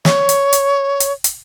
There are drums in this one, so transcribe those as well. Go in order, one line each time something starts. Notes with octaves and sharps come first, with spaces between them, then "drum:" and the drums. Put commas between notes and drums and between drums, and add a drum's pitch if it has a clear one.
C#5, drum: snare
drum: hi-hat
drum: hi-hat
drum: hi-hat
drum: hi-hat